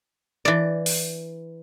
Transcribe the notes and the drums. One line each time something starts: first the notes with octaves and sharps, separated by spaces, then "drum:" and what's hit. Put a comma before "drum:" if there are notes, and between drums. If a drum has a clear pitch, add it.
E3 D5
drum: open hi-hat